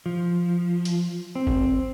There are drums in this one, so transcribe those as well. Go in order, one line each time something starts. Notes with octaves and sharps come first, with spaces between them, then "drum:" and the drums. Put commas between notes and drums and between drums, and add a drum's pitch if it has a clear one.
F3
drum: hi-hat
C4
drum: kick G1